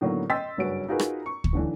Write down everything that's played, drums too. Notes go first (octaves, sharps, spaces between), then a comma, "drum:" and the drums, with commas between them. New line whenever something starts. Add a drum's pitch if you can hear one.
A2 D3 D#3 F#3 A#3 B3
D#5 G5 C6 E6 A6 B6
F#1 G2 C#4 F#4 B4 D7
D#4 F4 F#4 G#4 A#4 B4
drum: rim click
A#5 C#6
drum: kick
B1 D3 E3